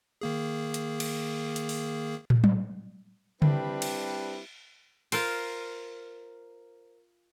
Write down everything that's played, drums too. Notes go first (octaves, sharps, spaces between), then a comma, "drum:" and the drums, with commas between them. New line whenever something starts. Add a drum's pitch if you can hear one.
D#3 A#3 G#4
drum: hi-hat
drum: cymbal
drum: hi-hat
drum: open hi-hat
drum: tom
drum: tom F#3
G3 C4 D4 E4 G4 B4, drum: tom C#3
drum: cymbal
F4 A#4 C5, drum: cymbal